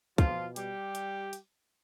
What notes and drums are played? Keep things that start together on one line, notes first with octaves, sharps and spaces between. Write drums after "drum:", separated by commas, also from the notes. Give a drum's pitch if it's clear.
B2 F3 F4, drum: kick, hi-hat
G3 G4, drum: hi-hat
drum: hi-hat
drum: hi-hat